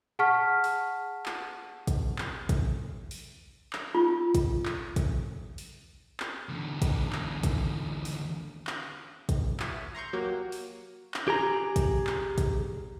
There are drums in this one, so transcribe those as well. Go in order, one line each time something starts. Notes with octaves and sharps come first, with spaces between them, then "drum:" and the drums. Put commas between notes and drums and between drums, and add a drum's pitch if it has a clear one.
G#4 F#5 A5 C#6 F6 B6
drum: open hi-hat
drum: clap
drum: kick, hi-hat
drum: clap
drum: kick, hi-hat
drum: open hi-hat
drum: clap
F4
drum: kick, hi-hat
drum: clap
drum: kick, hi-hat
drum: open hi-hat
drum: clap
E2 D3
drum: kick, hi-hat
drum: clap
drum: kick, hi-hat
drum: open hi-hat
drum: clap
drum: kick, hi-hat
C#5 E5, drum: clap
A#5 C6 C#6 G6
F#3 A#3 F#4 G4 C#5
drum: open hi-hat
drum: clap
G4 G#4 A#5
drum: kick, hi-hat
drum: clap
drum: kick, hi-hat